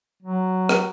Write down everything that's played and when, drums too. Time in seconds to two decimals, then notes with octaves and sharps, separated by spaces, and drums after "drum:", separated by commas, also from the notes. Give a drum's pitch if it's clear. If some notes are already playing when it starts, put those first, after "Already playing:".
0.23 F#3
0.69 drum: rim click